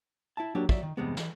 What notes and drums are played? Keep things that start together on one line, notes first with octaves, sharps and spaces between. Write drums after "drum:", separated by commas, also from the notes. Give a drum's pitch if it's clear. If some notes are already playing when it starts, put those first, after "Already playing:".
E4 E5 A5
F#3 A#3 D4 G4
F#3 D5 E5, drum: kick
D#3
E2 G2 C3 G3 G#3 B3
E3, drum: snare